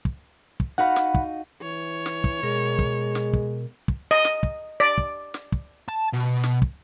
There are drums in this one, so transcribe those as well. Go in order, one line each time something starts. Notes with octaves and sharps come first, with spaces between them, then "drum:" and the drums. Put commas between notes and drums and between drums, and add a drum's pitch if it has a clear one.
drum: kick
drum: kick
D#4 F#4 F5 F#5 B5
drum: snare
drum: kick
E3 C#5
drum: snare
drum: kick
B2 G#3 A#4
drum: kick
drum: snare
drum: kick
drum: kick
D#5
drum: snare
drum: kick
D5
drum: kick
drum: snare
drum: kick
A5
B2
drum: snare
drum: kick